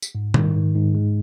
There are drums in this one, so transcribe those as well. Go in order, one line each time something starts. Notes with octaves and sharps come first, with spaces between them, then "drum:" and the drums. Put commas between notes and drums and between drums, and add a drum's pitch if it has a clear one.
drum: tambourine
G#2
D#3, drum: tom
G#2
G#2
G#3